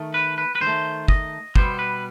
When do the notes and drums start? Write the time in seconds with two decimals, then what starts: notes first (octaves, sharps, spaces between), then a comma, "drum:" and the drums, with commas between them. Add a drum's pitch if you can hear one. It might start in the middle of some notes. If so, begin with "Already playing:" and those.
Already playing: D#3 A3
0.14 B4
0.38 B4
0.55 B4
0.61 D#3 C5
0.67 A3
1.08 D#5, drum: kick
1.56 B2 G3 B3 C5, drum: kick
1.79 B4